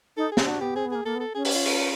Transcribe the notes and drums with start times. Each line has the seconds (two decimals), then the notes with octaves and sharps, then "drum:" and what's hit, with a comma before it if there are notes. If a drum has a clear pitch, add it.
0.17 D#4 A4
0.32 G#4
0.37 C#4, drum: snare
0.46 D4 F#4
0.61 B3 G4
0.76 C4 G#4
0.85 B3
0.91 A#3 G#4
1.05 A#3 A4
1.15 B3
1.20 A4
1.35 C#4 G#4
1.45 G4, drum: open hi-hat
1.55 F4
1.66 drum: cymbal